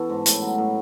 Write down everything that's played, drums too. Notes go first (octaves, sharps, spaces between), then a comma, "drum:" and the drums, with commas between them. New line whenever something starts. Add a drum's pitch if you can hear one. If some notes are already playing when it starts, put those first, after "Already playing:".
Already playing: E3 B3 C#4 A4
G#2
A2, drum: hi-hat
F#3
A2